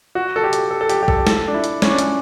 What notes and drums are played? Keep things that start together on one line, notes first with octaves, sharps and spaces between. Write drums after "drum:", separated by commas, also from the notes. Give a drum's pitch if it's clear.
F#4
A4
G4
drum: hi-hat
A4
A4
G4, drum: hi-hat
G4
A4, drum: kick
A4, drum: snare
D4
E4
drum: hi-hat
C#4, drum: snare
D4
C#4, drum: hi-hat